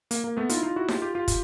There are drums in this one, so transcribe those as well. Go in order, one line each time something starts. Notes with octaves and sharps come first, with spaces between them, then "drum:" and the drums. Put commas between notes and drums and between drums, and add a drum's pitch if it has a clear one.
A#3, drum: hi-hat
A#3
A3 B3
D#4 F4, drum: hi-hat
E4
D#4 F4
E4 F#4
F4 G4, drum: snare D#4
F4 G4
F4 G4
drum: kick, hi-hat